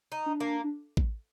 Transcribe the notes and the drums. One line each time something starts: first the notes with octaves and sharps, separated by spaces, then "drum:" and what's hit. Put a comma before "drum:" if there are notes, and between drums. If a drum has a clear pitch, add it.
D#4
D4
A#3
D4
drum: kick A1